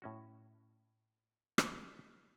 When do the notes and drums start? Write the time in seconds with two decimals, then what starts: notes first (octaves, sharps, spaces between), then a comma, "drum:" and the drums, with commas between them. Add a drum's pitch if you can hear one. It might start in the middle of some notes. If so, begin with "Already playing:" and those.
0.02 A2 C#4 F#4
1.58 drum: rim click